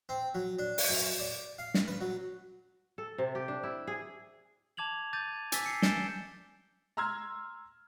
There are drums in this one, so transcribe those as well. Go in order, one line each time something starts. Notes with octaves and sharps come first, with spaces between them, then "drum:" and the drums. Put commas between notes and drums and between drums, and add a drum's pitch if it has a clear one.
C4
F#3
D4
drum: open hi-hat
F#2
D5
F5
drum: snare
B4
F#3
A4
C3
G4
D4
E4
G#4
A5 D6 G#6 F7 F#7
D6 G6 A6 D#7
G#5 D6 E6 A6 B6, drum: hi-hat
C7 C#7
G#5 G6 A6 D7 E7 G7, drum: snare
A#5 C6 E6 F6 G#6